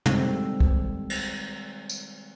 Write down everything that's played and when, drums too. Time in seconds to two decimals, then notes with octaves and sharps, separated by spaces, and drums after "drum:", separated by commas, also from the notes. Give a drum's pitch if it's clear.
0.06 D#3 G3 G#3 C4 A4, drum: tom
0.60 drum: kick
1.10 drum: cymbal
1.89 drum: tambourine